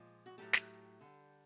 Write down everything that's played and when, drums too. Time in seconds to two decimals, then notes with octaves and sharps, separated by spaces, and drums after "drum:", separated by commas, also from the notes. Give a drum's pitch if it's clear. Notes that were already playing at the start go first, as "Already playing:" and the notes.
Already playing: A#2 F3 G#3
0.26 F#4
0.38 A2 F#3 A3 G4
0.53 drum: snare
1.01 D3 G3